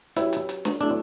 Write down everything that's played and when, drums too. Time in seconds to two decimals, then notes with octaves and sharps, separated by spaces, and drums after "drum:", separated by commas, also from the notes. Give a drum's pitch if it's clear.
0.16 F#3 C#4 E4 G4 B4, drum: hi-hat
0.33 drum: hi-hat
0.49 drum: hi-hat
0.65 drum: snare
0.81 F#3 A3 D4 E4 A4